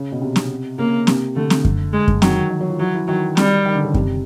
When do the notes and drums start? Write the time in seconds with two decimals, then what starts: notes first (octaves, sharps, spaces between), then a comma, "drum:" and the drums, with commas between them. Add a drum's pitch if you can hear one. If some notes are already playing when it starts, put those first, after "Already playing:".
Already playing: C#3
0.12 B2
0.22 C3
0.36 drum: snare C4
0.78 C#3 A#3
1.07 C3, drum: snare C4
1.36 D3 A3
1.50 drum: snare C4
1.65 drum: kick F#2
1.93 G#3
2.08 drum: kick F#2
2.22 D#3 F#3, drum: snare C4
2.50 D#3
2.61 F#3
2.70 F3
2.79 E3 F#3
2.94 E3
3.08 D#3 F#3
3.37 G3, drum: snare C4
3.66 D#3
3.75 D3
3.84 C#3
3.94 C3, drum: kick F#2